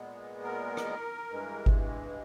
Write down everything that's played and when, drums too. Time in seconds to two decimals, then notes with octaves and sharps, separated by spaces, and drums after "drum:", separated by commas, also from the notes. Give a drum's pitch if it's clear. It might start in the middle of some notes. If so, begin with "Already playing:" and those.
Already playing: A#2 G#3 B3
0.43 A#4
0.77 drum: rim click
1.31 G2 E3 G#3
1.66 drum: kick G1